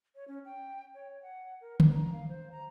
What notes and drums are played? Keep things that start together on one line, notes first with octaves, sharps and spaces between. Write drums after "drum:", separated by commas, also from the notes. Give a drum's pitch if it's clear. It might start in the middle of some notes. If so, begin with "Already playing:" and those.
C#5
C#4
G5
C#5
F#5
A#4
D4, drum: tom
A#5
F5
C5
A#5